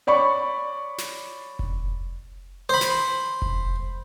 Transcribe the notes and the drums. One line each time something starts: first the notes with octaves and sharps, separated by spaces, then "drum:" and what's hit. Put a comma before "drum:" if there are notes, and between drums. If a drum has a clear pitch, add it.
C#5 D5 B5 C#6
drum: snare
drum: kick F1
C5 B5
drum: snare
drum: kick F1